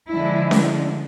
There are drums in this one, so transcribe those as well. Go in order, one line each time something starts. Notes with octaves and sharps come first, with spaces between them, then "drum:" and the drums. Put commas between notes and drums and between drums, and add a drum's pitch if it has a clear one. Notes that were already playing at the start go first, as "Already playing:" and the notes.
D3 F3 G#3 E4
drum: snare C#4